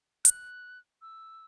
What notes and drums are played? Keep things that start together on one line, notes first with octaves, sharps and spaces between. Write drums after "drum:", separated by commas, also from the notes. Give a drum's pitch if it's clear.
F#6, drum: hi-hat
E6